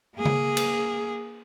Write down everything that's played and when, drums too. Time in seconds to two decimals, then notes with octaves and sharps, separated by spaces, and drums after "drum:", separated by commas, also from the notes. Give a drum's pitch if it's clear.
0.16 A#3 G#4
0.25 drum: tom C#3
0.57 drum: cymbal